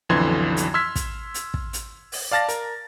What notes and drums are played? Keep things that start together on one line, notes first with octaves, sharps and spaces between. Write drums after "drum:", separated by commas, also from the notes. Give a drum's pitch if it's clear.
B1 F2 D3 E3 C6 G#6
drum: hi-hat
C6 E6 F6 G#6 B6
drum: kick, hi-hat
drum: hi-hat
drum: kick
drum: hi-hat
drum: open hi-hat
D5 F5 A5 A6 A#6
A#4, drum: hi-hat